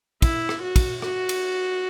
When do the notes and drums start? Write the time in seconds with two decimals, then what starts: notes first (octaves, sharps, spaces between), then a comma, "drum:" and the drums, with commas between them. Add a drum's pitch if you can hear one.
0.22 E4, drum: kick, cymbal
0.49 drum: rim click
0.62 F#4
0.76 drum: kick, cymbal
1.02 F#4, drum: rim click
1.29 drum: cymbal